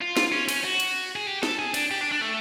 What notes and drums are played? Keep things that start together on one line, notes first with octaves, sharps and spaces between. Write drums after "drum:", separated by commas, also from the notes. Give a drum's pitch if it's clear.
F4
drum: snare
C#4
C#4, drum: cymbal
F#4
drum: cymbal
G#4
G4
A4, drum: snare
G#4
D4, drum: cymbal
G4
D4
D4
A3